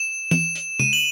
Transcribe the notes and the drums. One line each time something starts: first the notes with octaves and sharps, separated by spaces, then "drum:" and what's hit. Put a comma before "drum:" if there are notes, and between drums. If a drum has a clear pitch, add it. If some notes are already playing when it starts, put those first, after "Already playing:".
Already playing: E7
E7, drum: tom E3
drum: hi-hat
D#7, drum: tom C3
F#7